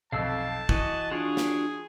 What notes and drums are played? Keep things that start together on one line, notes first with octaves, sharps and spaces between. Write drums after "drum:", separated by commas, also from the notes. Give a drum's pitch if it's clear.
B1 F2 F5 A5 E6
E3 F#4 D#5, drum: kick
D4 F4 F#4 G#4
drum: snare